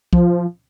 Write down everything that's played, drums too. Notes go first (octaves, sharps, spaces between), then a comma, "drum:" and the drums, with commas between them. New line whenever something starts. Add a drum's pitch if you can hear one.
F3, drum: kick